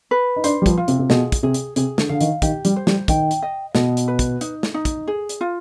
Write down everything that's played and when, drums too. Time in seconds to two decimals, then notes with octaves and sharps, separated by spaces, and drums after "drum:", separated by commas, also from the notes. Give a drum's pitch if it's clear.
0.11 B4
0.36 D#4
0.44 D4 C5, drum: hi-hat
0.62 G3
0.66 F3, drum: kick, hi-hat
0.77 F4
0.88 C3, drum: hi-hat
0.99 C3
1.10 B2 G#4, drum: snare
1.32 drum: kick, hi-hat
1.43 C3 G#4
1.54 drum: hi-hat
1.76 C3 G#4, drum: hi-hat
1.98 D3, drum: snare
2.09 D3 F5
2.21 D#3, drum: hi-hat
2.42 D#3 G4, drum: kick, hi-hat
2.65 G3, drum: hi-hat
2.76 C5
2.87 G3, drum: snare
3.08 D#3 G5, drum: kick, hi-hat
3.31 drum: hi-hat
3.42 D#5
3.75 B2 D#5, drum: snare
3.97 drum: hi-hat
4.08 B4
4.19 drum: kick, hi-hat
4.41 D#4, drum: hi-hat
4.63 drum: snare
4.74 D#4
4.85 drum: kick, hi-hat
5.08 G#4
5.29 drum: hi-hat
5.41 F4